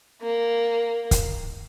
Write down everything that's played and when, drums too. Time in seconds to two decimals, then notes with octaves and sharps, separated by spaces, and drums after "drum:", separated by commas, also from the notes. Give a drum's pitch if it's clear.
0.22 A#3
1.11 drum: kick, hi-hat